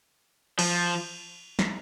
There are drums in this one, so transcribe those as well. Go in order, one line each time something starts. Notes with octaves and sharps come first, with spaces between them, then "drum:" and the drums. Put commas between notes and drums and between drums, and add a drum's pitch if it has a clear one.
F3, drum: cymbal
drum: snare